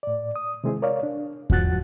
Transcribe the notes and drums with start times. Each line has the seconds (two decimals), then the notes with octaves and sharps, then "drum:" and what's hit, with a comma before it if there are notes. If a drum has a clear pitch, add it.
0.03 A2 D5
0.36 D#6
0.64 C3 D#3 G#3 C4 E4 G#4
0.82 A#4 C#5 D5 F5
1.03 D4
1.50 G#2 F3 F#4 F#5 F#6 A6, drum: kick E2